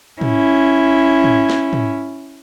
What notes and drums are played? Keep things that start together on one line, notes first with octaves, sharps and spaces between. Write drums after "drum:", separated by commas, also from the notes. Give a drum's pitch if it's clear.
C#4 E4, drum: tom
drum: tom
drum: snare
drum: tom